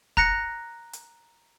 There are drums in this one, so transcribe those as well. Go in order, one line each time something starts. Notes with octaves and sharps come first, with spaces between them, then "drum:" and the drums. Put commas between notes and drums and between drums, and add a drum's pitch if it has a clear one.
A#5 F#6 A#6 C#7, drum: kick
drum: hi-hat